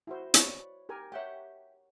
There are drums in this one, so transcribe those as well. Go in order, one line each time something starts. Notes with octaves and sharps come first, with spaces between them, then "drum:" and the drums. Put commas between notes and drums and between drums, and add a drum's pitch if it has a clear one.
E4 F#4 C5
B4 C#5 D5, drum: hi-hat
G4 A#4 G#5
G4 C#5 E5 F#5 G5